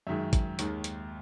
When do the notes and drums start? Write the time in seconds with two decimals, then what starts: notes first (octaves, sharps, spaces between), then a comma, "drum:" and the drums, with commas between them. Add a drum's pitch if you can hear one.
0.07 F#2 D#3 G#3 E5
0.33 drum: kick, hi-hat
0.59 D#2 D#3 G#3, drum: hi-hat
0.84 drum: hi-hat